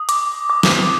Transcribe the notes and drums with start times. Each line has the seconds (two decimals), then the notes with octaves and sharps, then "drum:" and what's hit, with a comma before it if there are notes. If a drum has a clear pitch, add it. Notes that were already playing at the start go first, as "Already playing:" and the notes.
Already playing: D#6
0.09 D6, drum: hi-hat
0.50 D6
0.63 drum: snare